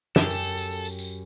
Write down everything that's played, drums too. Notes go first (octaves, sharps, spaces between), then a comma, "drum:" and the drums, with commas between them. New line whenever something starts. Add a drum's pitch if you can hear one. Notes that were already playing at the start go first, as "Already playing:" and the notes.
F#2 G4 A4, drum: snare
drum: tambourine
drum: tambourine
drum: tambourine
drum: tambourine
drum: tambourine
drum: tambourine